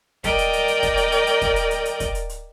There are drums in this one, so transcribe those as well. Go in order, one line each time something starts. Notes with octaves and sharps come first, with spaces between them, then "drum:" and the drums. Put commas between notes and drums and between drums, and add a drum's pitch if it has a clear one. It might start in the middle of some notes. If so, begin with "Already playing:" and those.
A#4 D5 D#5 G5, drum: kick, hi-hat
drum: hi-hat
drum: hi-hat
drum: hi-hat
drum: kick, hi-hat
drum: hi-hat
drum: hi-hat
drum: hi-hat
drum: kick, hi-hat
drum: hi-hat
drum: hi-hat
drum: hi-hat
drum: kick, hi-hat
drum: hi-hat
drum: hi-hat